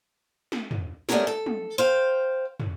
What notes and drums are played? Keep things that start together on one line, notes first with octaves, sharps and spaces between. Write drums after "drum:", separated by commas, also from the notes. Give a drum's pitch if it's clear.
drum: snare
drum: tom
G3 A3 B3 G#4 A#4 C#5, drum: snare
A4
drum: tom
C5 F5 G5
drum: tom